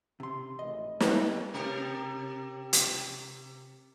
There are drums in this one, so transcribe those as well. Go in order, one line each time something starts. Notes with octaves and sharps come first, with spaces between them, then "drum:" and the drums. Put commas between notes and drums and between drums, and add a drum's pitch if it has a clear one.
C3 C6
G#1 A2 E3 D#5
E3 G3 G#3, drum: snare
C3 G4 A#4
drum: hi-hat